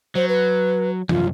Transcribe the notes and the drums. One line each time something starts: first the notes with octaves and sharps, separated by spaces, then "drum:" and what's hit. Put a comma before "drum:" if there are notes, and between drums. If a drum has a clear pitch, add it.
F#3 C5
B4
C2 F#2 F4, drum: tom E3